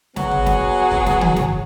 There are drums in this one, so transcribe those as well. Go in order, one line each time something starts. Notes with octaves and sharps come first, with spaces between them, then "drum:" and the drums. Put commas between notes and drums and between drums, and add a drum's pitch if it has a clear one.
F#3 B3 F#4 G#4, drum: snare
drum: tom
drum: snare
drum: kick
drum: snare
drum: tom
drum: snare